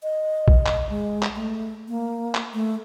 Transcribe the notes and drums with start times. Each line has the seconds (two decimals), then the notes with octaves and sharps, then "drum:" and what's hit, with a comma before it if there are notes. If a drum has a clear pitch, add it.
0.03 D#5
0.48 drum: kick A#1
0.66 drum: clap
0.90 G#3
1.22 drum: clap
1.36 A3
1.88 A#3
2.35 drum: clap
2.54 A3